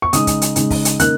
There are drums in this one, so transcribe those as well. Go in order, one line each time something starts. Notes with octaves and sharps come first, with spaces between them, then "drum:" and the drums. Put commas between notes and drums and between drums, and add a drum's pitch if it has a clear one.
C#6
C#3 G#3 D#4 D#6, drum: hi-hat
drum: kick, hi-hat
drum: hi-hat
C#3 G#3 D#4, drum: hi-hat
drum: kick, open hi-hat
drum: hi-hat
C#3 A#3 D#4 F#6, drum: hi-hat